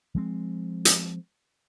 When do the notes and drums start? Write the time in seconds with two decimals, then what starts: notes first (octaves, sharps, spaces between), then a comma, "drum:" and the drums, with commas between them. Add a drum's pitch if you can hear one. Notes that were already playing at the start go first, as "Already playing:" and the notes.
0.15 F3 G#3 C4
0.85 drum: hi-hat